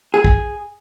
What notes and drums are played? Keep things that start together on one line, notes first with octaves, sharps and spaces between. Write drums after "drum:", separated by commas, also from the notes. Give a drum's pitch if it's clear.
G#4
drum: kick